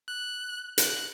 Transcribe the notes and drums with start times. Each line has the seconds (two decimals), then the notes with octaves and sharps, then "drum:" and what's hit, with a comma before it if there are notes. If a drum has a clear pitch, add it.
0.08 F#6
0.78 F#6, drum: hi-hat